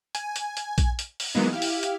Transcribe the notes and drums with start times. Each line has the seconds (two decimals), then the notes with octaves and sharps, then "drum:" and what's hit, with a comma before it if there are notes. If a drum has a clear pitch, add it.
0.15 G#5, drum: hi-hat
0.36 drum: hi-hat
0.57 drum: hi-hat
0.78 drum: kick A#1, hi-hat
0.99 drum: hi-hat
1.20 drum: open hi-hat
1.35 E3 F#3 G#3 A#3 B3 D#4
1.53 E4 G4 F5
1.62 drum: open hi-hat
1.83 drum: hi-hat